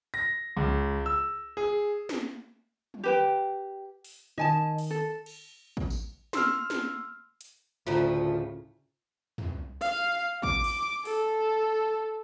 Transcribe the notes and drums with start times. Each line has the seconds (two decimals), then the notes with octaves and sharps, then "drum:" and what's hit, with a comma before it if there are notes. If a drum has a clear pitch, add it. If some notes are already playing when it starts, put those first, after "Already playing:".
0.14 A#6
0.57 C#2
1.06 E6
1.57 G#4
2.09 drum: snare
2.94 drum: tom
3.04 G4 B4 G5
4.04 drum: open hi-hat
4.38 D#3 D#5 G#5 A5
4.78 drum: open hi-hat
4.91 A4
5.26 drum: cymbal
5.77 drum: kick A1
5.90 drum: tambourine
6.33 C6 E6 F6, drum: snare
6.70 drum: snare
7.41 drum: hi-hat
7.87 D2 A2 C#3 F3 A3 F4 C5 A#5
9.38 drum: tom
9.81 F5, drum: cymbal
10.43 D6, drum: kick A1
10.64 drum: cymbal
11.05 A4, drum: open hi-hat